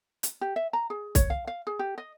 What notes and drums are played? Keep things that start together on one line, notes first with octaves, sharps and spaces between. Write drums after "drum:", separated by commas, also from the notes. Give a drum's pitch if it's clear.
drum: hi-hat
G4
E5
A#5
G#4
C#5, drum: kick, hi-hat
F5
F5
G#4
G4
D#5